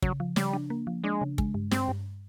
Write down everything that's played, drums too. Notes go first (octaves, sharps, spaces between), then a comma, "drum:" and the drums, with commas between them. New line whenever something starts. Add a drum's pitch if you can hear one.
C#3 F#3, drum: kick
F3
C#3 G3, drum: snare
D4
A#3
F3
G#3 D4
C#3
G#3, drum: kick
G2
G2 C4, drum: snare
G2